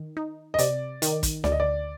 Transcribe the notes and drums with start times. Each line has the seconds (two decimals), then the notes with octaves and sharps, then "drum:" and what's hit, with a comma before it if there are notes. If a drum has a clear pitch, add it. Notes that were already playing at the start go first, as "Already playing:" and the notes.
Already playing: D#3
0.17 D#4
0.54 D#5
0.58 C3 D5, drum: hi-hat
1.02 D#3, drum: hi-hat
1.23 drum: kick, hi-hat
1.44 D2 D5, drum: snare
1.52 D#5
1.60 D5